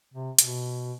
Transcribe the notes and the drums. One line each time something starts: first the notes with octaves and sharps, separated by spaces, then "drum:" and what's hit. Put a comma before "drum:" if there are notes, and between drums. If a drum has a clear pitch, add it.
C3
B2, drum: hi-hat